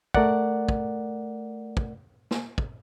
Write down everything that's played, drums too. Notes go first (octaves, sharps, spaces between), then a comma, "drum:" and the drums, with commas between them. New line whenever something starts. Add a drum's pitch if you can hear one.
A3 A#4 D5 F#5, drum: kick
drum: kick
drum: kick
drum: snare
drum: kick